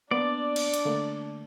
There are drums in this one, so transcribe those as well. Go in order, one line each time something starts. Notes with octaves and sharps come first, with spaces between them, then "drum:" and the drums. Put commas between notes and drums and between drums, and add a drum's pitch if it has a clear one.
A#3 B3 D4 D5 A6
drum: cymbal
drum: hi-hat
D3 A3 A#3